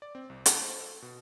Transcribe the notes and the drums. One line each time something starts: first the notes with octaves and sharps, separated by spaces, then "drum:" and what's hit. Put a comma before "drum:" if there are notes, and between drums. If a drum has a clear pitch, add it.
D5
C4
C2
A5, drum: hi-hat
C5
A4
B2